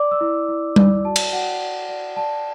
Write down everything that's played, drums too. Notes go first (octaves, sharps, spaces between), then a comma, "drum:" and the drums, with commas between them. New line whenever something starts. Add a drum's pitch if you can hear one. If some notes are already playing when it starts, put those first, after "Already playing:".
Already playing: D5 D6
E6
E4
E4
D5, drum: tom G3
F#4 A5
drum: cymbal
F#4 F#5
D5
D5
D5 A5